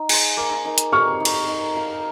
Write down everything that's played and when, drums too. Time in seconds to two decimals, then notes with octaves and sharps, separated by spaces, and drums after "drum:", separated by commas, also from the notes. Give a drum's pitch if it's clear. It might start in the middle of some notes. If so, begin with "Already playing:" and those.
Already playing: D#4
0.09 G#4 C5, drum: cymbal
0.37 A#3
0.65 D#4 A#4
0.78 drum: hi-hat
0.93 A#3 C#6 F6
1.20 D#4
1.25 A#4, drum: cymbal
1.48 D#4
1.76 A#4 F5